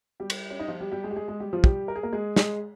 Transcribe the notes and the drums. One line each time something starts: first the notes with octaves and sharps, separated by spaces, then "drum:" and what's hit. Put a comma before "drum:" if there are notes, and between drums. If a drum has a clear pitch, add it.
G3 G4
drum: cymbal
C#4
D#4
F3 F4
G3 G4
G3 G4
G#3 G#4
G4
G#3 G#4
G#3 G#4
G3 G4
F3 F4
G3 G4, drum: kick
A#4
G#4
A#3 A#4
G#3 G#4
G#3 G#4, drum: snare